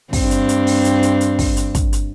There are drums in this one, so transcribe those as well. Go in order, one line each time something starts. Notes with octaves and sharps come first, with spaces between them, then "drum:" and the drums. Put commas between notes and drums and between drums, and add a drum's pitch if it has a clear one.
G2 C4, drum: kick, open hi-hat
drum: hi-hat
drum: hi-hat
drum: open hi-hat
drum: hi-hat
drum: hi-hat
drum: hi-hat
drum: kick, open hi-hat
drum: hi-hat
drum: kick, hi-hat
drum: hi-hat